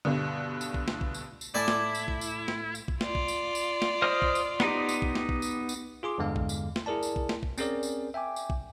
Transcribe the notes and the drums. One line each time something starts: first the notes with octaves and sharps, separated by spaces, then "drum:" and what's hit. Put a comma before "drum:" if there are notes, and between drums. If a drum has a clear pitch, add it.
G2 B2 D3
drum: tambourine
drum: kick
drum: snare
drum: kick
drum: tambourine
drum: tambourine
A2 E4 D5 G#5 A5
drum: snare
drum: tambourine
drum: kick
drum: tambourine
drum: snare
drum: tambourine
drum: kick
F4 D5, drum: snare
drum: kick
drum: tambourine
drum: tambourine
drum: snare
C5 D#5 F6
drum: kick
drum: tambourine
B3 D#4 G4, drum: snare
drum: tambourine
drum: kick
drum: snare
drum: kick
drum: tambourine
drum: tambourine
F4 G#4 C6 D6
E2 G2 D3 G#3 F5
drum: kick
drum: tambourine
drum: snare
E4 G#4 A#4 D5 A5
drum: tambourine
drum: kick
drum: snare
drum: kick
C4 C#4 G#4 A#4 D5, drum: tambourine
drum: tambourine
E5 G5 G#5 D6
drum: tambourine
drum: kick